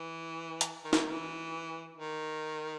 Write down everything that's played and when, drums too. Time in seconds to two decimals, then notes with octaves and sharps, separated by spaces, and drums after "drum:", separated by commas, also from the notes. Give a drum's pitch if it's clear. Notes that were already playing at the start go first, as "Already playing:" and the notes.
Already playing: E3
0.61 drum: hi-hat
0.84 D#3
0.93 E3, drum: snare
1.03 D#3
1.11 E3
1.97 D#3